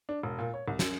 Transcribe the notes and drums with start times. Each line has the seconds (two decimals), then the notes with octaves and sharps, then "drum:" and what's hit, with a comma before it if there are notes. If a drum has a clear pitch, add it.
0.09 D4
0.23 E1
0.39 A#2
0.54 C#5
0.68 C2
0.79 F#2, drum: snare